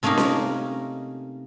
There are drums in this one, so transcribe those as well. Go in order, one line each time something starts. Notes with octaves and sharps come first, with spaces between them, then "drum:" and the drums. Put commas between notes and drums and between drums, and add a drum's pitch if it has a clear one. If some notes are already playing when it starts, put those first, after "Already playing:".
C3 A3 A#3 C#4 D#4 A#4
drum: snare C#4